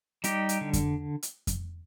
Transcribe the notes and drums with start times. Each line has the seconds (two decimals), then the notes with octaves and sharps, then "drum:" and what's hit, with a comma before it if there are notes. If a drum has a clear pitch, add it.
0.24 G3 D#4 G4, drum: hi-hat
0.49 drum: hi-hat
0.61 D3
0.73 drum: kick F2, hi-hat
1.23 drum: hi-hat
1.47 drum: kick F2, hi-hat